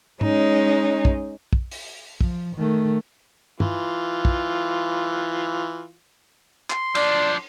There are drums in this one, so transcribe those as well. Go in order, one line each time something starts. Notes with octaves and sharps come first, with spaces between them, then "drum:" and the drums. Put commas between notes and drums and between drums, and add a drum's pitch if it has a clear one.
G#3 C#4 D#4, drum: tom
drum: kick
drum: kick
drum: open hi-hat
F3, drum: kick
D#3 A3
E3 F4, drum: tom
drum: kick
C6, drum: clap
F3 D4 D5, drum: cymbal